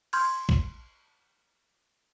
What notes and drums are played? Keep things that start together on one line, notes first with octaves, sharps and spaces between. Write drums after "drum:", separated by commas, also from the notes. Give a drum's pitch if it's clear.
C6 F6 G6 G#6, drum: cymbal
drum: kick